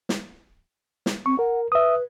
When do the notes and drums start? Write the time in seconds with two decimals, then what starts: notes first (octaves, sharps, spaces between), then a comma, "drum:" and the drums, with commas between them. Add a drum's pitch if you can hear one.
0.09 drum: snare
1.06 drum: snare
1.26 C4 C#6
1.39 A#4 F#5
1.72 B4 E5 D#6